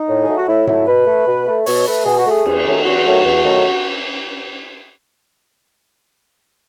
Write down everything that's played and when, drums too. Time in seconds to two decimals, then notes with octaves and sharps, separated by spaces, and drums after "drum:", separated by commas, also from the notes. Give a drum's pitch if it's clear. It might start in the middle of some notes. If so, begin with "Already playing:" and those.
Already playing: D#4
0.09 A2
0.24 F#3 A3 G#4
0.36 F#4
0.48 A2 E4
0.67 F#3 A3 E4, drum: tom G#2
0.87 B2 B4
1.07 A3
1.27 B2
1.46 A3
1.66 B2 C#5, drum: open hi-hat
1.86 A3 B4
2.05 B2 G#4
2.18 F#4
2.26 A3 G#4
2.46 E2, drum: cymbal
2.64 D#3 F#3 A3
2.85 E2 F#4, drum: cymbal
3.05 D#3 F#3 A3
3.24 E2
3.44 D#3 F#3 A3